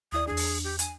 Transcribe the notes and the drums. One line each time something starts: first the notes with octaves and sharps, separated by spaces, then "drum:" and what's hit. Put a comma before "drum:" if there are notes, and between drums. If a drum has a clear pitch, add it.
D#2 E4 D5 D#6
E2 D4 G#4
drum: open hi-hat
G4
G#5, drum: hi-hat